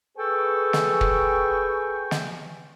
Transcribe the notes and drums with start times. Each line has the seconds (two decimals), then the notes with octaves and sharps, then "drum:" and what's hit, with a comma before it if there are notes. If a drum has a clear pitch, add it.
0.18 G#4 A4 B4 G5 G#5 C#6
0.73 drum: snare
1.01 drum: kick
2.11 drum: snare